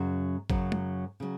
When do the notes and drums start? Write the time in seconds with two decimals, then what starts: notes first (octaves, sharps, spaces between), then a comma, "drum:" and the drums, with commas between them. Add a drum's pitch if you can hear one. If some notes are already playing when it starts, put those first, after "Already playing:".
Already playing: F#2 C#3 F#3
0.50 F#2 C#3 F#3, drum: kick
0.72 drum: tom
1.20 C#3 F#3